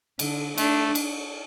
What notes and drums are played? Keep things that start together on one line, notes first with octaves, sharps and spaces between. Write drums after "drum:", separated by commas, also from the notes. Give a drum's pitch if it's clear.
D3, drum: cymbal
A3 D4, drum: cymbal
drum: cymbal